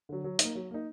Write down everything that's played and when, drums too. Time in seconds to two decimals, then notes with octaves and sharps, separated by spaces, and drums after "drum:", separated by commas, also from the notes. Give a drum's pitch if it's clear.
0.09 D3 F#3
0.24 F#3
0.39 A#3 D#4, drum: hi-hat
0.55 F#3
0.71 A#3 D#4